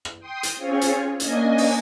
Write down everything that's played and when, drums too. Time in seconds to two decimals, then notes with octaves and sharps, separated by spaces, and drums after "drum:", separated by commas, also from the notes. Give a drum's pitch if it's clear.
0.05 drum: rim click
0.19 G5 C6 D#6
0.43 drum: hi-hat
0.56 C4 C#4 F4 G#4 C#5
0.81 drum: hi-hat
1.20 A#3 C#4 D4 D#5 G#5, drum: hi-hat
1.58 drum: open hi-hat